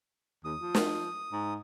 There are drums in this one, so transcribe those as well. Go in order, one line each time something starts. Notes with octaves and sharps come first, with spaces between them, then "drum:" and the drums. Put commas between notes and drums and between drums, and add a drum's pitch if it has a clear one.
D#2 D#6
F3
drum: snare
G#2